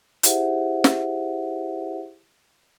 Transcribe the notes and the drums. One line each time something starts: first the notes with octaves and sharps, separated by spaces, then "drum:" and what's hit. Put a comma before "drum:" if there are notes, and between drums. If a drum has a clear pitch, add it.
E4 G4 G#4 C5 E5 F#5, drum: hi-hat
drum: snare